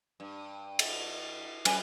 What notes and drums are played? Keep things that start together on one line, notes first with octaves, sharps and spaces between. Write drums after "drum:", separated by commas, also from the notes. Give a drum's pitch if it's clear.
G2
drum: cymbal
F#3 C#4 B4 G#5, drum: cymbal